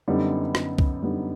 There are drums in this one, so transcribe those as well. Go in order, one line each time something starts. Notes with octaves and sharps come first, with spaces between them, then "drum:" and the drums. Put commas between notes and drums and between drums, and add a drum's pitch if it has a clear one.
F#2 D3 G3 B3 D#4
drum: rim click
drum: kick C2
F#2 D3 G3 B3 D#4